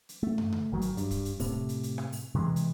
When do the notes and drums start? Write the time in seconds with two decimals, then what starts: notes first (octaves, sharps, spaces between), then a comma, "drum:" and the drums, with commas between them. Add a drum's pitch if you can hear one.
0.09 drum: hi-hat
0.23 A3
0.38 drum: tom
0.52 drum: tom C#3
0.72 G#1 D#3 F#3
0.82 drum: hi-hat
0.97 G2, drum: hi-hat
1.11 drum: kick, hi-hat
1.25 drum: hi-hat
1.40 A2 C3, drum: kick, open hi-hat
1.69 drum: hi-hat
1.83 drum: hi-hat
1.98 drum: rim click
2.12 drum: open hi-hat
2.35 C3 E3 F#3 G#3
2.56 drum: hi-hat